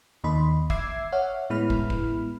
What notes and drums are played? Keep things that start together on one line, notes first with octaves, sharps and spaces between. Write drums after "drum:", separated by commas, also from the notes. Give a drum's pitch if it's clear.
D#2 D#3 A#3 D#5 B5 C6
E5 D6 E6 G#6 C7, drum: kick
C#5 E5 F#5 F6
A2 G#3 B3 E4 B5 F6
drum: kick
drum: kick